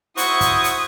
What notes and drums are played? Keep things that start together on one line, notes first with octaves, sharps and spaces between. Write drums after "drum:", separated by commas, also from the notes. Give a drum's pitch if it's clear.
E4 F#4 C5 C#6 D#6, drum: hi-hat
drum: kick, hi-hat
drum: hi-hat